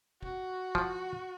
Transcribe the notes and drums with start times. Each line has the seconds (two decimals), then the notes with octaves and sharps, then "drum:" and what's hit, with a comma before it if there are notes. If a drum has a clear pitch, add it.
0.23 F#4, drum: kick
0.75 F3, drum: kick